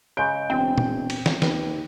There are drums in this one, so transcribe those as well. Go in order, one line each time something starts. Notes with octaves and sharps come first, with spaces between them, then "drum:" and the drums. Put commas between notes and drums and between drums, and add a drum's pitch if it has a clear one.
C#3 G#3 G6 D7
E1 C4 G5
drum: tom A#2
drum: cymbal
drum: snare
D#2 B4, drum: snare